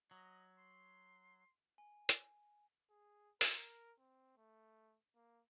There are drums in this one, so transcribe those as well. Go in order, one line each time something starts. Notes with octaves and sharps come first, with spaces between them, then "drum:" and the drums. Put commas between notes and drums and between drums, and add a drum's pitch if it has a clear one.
F#3 D#5
C6
G#5
drum: hi-hat
G#4
A#4, drum: open hi-hat
C4
A3
A#3